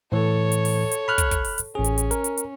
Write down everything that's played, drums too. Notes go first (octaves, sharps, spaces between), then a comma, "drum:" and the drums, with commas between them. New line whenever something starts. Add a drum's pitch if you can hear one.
A2 E3 A4 C#5
drum: hi-hat
drum: open hi-hat
drum: hi-hat
B5 F6 F#6
drum: kick, hi-hat
drum: kick, hi-hat
drum: open hi-hat
drum: hi-hat
A1 C#4 G#4
drum: hi-hat
drum: hi-hat
A#4, drum: hi-hat
drum: hi-hat
drum: hi-hat